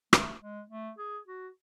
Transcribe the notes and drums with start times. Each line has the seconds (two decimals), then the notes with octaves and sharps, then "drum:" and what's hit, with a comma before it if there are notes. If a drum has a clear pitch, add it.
0.13 A3, drum: rim click
0.41 G#3
0.70 A3
0.98 G#4
1.27 F#4